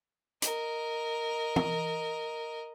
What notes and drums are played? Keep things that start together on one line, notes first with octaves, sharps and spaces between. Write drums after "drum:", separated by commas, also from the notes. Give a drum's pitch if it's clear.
A#4 D#5, drum: hi-hat
drum: tom